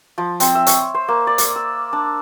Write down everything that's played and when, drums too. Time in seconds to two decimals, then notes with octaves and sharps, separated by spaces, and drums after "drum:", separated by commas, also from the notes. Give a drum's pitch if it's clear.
0.18 F3
0.40 C4, drum: hi-hat
0.55 E5
0.67 C#5, drum: hi-hat
0.94 C5
1.08 A#3
1.27 D5
1.38 drum: hi-hat
1.56 E6
1.93 D4